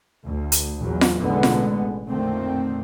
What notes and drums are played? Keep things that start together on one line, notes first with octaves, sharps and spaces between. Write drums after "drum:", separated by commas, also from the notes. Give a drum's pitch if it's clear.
D2
drum: hi-hat
A#1 E2 A#2 F#3
drum: snare F4
A1 B2 D3 G#3 B3
drum: snare F4
F2 A#2 D3 D#3 A3 C4